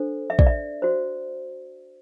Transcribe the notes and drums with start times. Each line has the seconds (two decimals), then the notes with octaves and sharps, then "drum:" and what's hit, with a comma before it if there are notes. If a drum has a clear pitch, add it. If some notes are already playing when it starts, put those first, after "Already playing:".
Already playing: D4 A4 C5
0.30 E5
0.39 D5, drum: kick
0.47 E5
0.82 F#4 C5